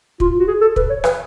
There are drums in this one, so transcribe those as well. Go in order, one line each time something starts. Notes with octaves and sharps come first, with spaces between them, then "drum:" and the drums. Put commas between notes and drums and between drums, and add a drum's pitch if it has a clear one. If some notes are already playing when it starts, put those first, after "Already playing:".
F4, drum: kick
F#4
G#4
A4
B4, drum: kick
C#5
B4, drum: rim click